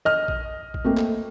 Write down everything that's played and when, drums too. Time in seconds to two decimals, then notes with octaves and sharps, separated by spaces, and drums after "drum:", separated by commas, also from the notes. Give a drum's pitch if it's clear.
0.05 D#5 F6
0.28 drum: kick
0.74 drum: kick
0.84 A3 A#3 C4
0.97 drum: clap